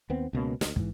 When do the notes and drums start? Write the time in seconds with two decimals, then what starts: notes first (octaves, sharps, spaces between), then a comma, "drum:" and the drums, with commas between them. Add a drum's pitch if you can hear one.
0.10 D#2 B3 C4
0.33 C#2 B2 A#3 C#4
0.61 D2 E3, drum: snare
0.76 G#2 E3, drum: kick